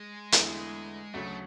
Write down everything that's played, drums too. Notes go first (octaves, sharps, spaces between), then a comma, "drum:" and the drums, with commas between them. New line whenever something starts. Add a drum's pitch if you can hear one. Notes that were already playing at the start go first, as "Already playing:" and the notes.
Already playing: G#3
E2 D3 A3 E4 G#4, drum: hi-hat
D2 C#3 F#3 A3